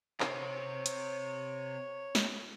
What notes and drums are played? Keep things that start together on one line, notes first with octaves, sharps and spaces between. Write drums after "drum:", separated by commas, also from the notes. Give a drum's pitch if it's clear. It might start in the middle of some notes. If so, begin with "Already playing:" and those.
C3 C4 C#5, drum: clap
drum: hi-hat
drum: snare